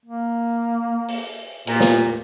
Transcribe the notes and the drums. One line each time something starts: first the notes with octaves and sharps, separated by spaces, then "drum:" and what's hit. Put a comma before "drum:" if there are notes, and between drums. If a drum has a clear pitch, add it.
A#3
drum: open hi-hat
A#2 G4, drum: hi-hat
drum: snare